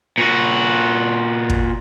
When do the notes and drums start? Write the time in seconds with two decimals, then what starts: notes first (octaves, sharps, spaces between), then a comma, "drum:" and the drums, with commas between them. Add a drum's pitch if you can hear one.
0.18 A#2 F#4
1.50 drum: kick